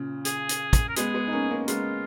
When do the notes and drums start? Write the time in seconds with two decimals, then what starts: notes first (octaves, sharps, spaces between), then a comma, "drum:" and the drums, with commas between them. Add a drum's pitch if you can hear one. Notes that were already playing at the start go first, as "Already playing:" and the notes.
Already playing: A#2 C#3
0.25 G#4, drum: hi-hat
0.49 drum: hi-hat
0.73 drum: kick, hi-hat
0.89 A#4
0.96 G#3 B3 G#4, drum: hi-hat
1.14 G#3 B3
1.27 D#4
1.32 A#3 C#4
1.51 A#3 C#4
1.68 G#3 B3 F4, drum: hi-hat